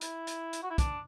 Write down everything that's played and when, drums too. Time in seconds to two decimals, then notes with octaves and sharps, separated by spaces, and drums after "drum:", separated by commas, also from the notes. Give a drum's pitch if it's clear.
0.01 E4, drum: hi-hat
0.27 drum: hi-hat
0.53 drum: hi-hat
0.63 F#4
0.70 E4
0.78 D4, drum: kick, hi-hat